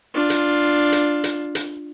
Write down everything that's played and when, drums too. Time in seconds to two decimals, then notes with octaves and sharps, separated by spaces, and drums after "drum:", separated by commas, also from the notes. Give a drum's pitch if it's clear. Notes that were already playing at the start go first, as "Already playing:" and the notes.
0.14 D4 F4
0.30 drum: hi-hat
0.92 drum: hi-hat
1.24 drum: hi-hat
1.55 drum: hi-hat